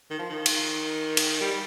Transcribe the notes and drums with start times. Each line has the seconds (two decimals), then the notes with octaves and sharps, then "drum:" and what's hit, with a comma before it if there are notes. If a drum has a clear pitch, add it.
0.10 D#3
0.19 F3
0.29 D#3
0.46 drum: cymbal
1.17 drum: cymbal
1.41 G3